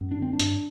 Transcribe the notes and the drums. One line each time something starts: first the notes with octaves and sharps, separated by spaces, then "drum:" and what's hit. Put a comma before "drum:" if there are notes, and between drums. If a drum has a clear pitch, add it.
F#2
D4
D3 C4
D4
G2, drum: hi-hat